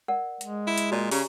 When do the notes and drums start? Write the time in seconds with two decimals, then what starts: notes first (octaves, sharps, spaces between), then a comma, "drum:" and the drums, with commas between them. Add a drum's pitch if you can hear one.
0.08 A#4 D5 F#5
0.41 G#3, drum: hi-hat
0.67 E4
0.78 drum: hi-hat
0.91 A#2 F#4 D5 A5
1.11 C#3 C#4 G4 A#5, drum: open hi-hat